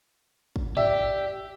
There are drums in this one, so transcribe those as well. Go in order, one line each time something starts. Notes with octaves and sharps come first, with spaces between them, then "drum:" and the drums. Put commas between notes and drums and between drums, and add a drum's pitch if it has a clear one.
drum: kick
G4 D5 E5, drum: tom G2